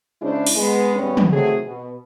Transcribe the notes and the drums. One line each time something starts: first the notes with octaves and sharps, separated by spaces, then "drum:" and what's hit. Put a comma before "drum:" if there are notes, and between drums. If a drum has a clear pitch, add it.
C#3 G#3 C#4 D4 E4 C5
drum: open hi-hat
G#3 B3
D#2 G#2 G3 B3 C#4
drum: tom
D#3 F#3 A3 C4 G#4
B2